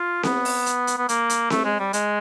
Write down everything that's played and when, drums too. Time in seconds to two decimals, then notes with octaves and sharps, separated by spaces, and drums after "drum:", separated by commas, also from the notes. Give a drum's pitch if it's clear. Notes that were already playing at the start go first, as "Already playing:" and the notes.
Already playing: F4
0.23 B3, drum: snare C4
0.45 drum: open hi-hat
0.66 drum: hi-hat
0.87 drum: hi-hat
0.98 B3
1.09 A#3, drum: hi-hat
1.30 drum: hi-hat
1.50 A3, drum: snare C4
1.65 G#3
1.79 G3
1.93 G#3, drum: hi-hat